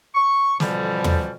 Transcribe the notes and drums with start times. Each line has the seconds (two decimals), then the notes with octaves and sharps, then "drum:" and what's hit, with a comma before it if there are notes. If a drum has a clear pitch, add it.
0.15 C#6
0.60 F2 B2 D3 E3 F3 G3, drum: snare
1.04 drum: tom